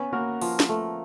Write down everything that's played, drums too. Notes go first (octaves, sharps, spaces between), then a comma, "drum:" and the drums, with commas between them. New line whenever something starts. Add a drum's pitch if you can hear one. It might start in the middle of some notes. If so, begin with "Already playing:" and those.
Already playing: B3 C#4 B4
A#3 F#4 A#4
F3, drum: open hi-hat
drum: snare
A3